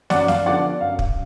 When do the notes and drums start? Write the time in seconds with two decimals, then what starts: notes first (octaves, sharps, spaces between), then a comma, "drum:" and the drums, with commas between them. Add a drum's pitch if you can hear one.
0.10 F#2 D5 F#5, drum: snare
0.28 F5, drum: snare
0.46 D3 F3 B3 D4 D5 F#5
0.81 F#2 F5
0.99 drum: kick